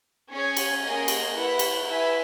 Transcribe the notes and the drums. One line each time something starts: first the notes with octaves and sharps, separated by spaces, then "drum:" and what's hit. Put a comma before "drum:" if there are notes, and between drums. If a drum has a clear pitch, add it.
C#4 G#4 C#5 G#5
drum: cymbal
A#3 C#4 G#4 D#5 G#5
drum: cymbal
E4 B4 F#5
drum: cymbal
E4 B4 E5 G#5